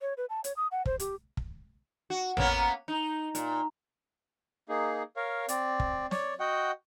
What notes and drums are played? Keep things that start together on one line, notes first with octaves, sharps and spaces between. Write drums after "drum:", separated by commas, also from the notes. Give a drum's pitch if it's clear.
C#5
B4
A5
C#5, drum: hi-hat
D#6
F#5
C5, drum: kick
G4, drum: hi-hat
drum: kick
F#4
A#3 B3 C#4, drum: tom A1
D#4
A#2, drum: hi-hat
A#3 D#4 G#4
A#4 C#5 F5
C4 D5, drum: hi-hat
drum: kick
C#5 D5, drum: snare
F#4 D#5 F#5 G5